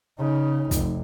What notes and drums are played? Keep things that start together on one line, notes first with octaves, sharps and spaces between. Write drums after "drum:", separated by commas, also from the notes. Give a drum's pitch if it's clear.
C#3 D#4
F1, drum: kick, hi-hat